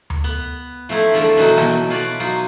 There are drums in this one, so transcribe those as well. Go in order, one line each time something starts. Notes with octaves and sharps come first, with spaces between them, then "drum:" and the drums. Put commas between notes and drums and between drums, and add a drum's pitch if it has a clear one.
drum: tom D2
B3
F3 A3 C4 D#4 E4
E2 D3 G3 A3 F4 E5
B2 D#3 E3 F#3 D#4 F#4
drum: snare
F4 F#4 B4 C#5 D5
F#3 D#4 F4